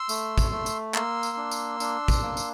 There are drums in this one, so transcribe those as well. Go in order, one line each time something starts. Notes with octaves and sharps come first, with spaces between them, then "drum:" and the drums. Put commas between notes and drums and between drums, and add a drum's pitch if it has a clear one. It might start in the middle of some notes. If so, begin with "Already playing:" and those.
Already playing: C6 E6
A3, drum: tambourine
drum: kick, tambourine
A3
drum: tambourine
A#3 C6 E6, drum: clap
drum: tambourine
D4
drum: tambourine
D4, drum: tambourine
drum: kick, tambourine
A#3
drum: tambourine